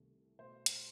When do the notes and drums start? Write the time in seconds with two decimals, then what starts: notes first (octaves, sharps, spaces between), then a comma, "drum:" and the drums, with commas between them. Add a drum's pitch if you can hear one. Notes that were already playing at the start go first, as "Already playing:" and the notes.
Already playing: C2 C3 D#3 A3
0.39 B2 A3 C5
0.66 drum: hi-hat